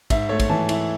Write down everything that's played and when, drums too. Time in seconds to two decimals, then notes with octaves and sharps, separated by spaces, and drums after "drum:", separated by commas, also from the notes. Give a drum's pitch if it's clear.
0.10 G#2 E5, drum: kick, cymbal
0.29 A3 C#5
0.40 drum: kick, cymbal
0.50 E3 A5
0.69 E4, drum: cymbal